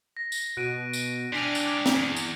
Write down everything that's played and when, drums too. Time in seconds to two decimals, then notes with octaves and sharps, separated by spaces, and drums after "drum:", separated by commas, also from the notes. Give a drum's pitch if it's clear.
0.17 A#6
0.32 drum: tambourine
0.57 B2 F#6 D7 D#7
0.93 drum: tambourine
1.33 C3 G3 D4 D5 G#5 F6 B6
1.55 drum: tambourine
1.86 drum: snare
1.96 E2
2.16 drum: tambourine